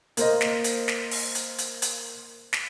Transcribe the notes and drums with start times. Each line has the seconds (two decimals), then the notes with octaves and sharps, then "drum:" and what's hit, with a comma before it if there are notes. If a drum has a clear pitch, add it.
0.17 A#3 C5 D#5, drum: hi-hat
0.41 drum: snare
0.64 drum: hi-hat
0.88 drum: snare
1.11 drum: open hi-hat
1.35 drum: hi-hat
1.58 drum: hi-hat
1.82 drum: hi-hat
2.53 drum: snare